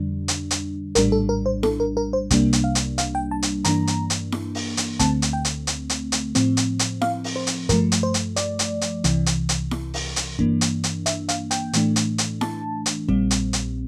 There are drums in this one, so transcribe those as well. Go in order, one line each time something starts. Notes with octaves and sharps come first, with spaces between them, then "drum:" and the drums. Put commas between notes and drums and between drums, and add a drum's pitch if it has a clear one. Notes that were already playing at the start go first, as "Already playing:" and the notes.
Already playing: F2 D3 G3 D4
drum: hi-hat
drum: hi-hat
A#1 A2 G3 D4 A#4, drum: hi-hat
A4
A#4
C5
A4, drum: snare E4
A#4
A#4
C5
C2 C3 G3 A#3 D4, drum: kick, hi-hat
drum: hi-hat
F5
drum: hi-hat
F5, drum: hi-hat
G5
A5
drum: hi-hat
G2 E3 A#3 D4 A#5, drum: hi-hat
drum: hi-hat
drum: hi-hat
drum: snare E4
drum: open hi-hat
drum: hi-hat
D2 D3 A3 C4 A5, drum: kick, hi-hat
drum: hi-hat
G5
drum: hi-hat
drum: hi-hat
drum: hi-hat
drum: hi-hat
A2 F3 C4, drum: hi-hat
drum: hi-hat
drum: hi-hat
F5, drum: snare E4
drum: open hi-hat
C5
drum: hi-hat
G2 F3 A3 A#4, drum: kick, hi-hat
drum: hi-hat
C5
drum: hi-hat
D5, drum: hi-hat
drum: hi-hat
drum: hi-hat
C2 C3 E3, drum: hi-hat
drum: hi-hat
drum: hi-hat
drum: snare E4
drum: open hi-hat
drum: hi-hat
G2 E3 A#3 D4, drum: kick
drum: hi-hat
drum: hi-hat
E5, drum: hi-hat
F5, drum: hi-hat
G5, drum: hi-hat
A2 E3 A3 D4, drum: hi-hat
drum: hi-hat
drum: hi-hat
A5, drum: snare E4
drum: hi-hat
A#1 A#2 G3 C4, drum: kick
drum: hi-hat
drum: hi-hat